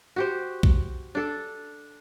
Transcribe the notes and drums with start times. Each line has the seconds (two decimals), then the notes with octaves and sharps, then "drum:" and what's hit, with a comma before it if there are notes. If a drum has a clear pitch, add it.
0.16 F#4 G4 C5
0.63 drum: kick A#1
1.15 D4 A4